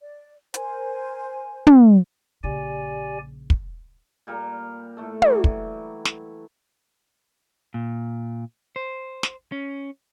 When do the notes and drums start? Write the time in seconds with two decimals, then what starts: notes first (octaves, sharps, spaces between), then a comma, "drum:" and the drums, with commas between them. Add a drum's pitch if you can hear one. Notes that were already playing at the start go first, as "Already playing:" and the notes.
0.01 D5
0.54 A#4 C5 G#5, drum: hi-hat
1.67 drum: tom
2.44 A#1 C#3 G4 D5 G#5
3.50 drum: kick
4.27 A#2 G3 A#4 A#5
4.97 A2 A3 A4
5.22 E3 F#3 G3, drum: tom
5.44 drum: kick
6.05 drum: snare
7.74 A#2
8.76 C5
9.23 drum: snare
9.52 C#4